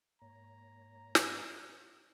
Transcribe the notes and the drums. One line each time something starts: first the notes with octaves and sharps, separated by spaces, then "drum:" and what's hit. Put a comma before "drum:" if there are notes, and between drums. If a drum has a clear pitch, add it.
G#2 A#3 C#5 A#5
drum: snare